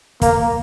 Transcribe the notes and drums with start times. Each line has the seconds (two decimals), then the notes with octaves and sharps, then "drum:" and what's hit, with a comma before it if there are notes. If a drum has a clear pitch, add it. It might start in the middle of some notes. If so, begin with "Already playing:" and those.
0.22 A#3, drum: kick, hi-hat